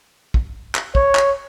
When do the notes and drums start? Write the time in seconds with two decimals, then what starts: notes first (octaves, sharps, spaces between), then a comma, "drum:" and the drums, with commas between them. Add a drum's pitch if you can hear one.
0.34 drum: kick
0.75 drum: clap
0.95 C#5, drum: kick
1.15 drum: clap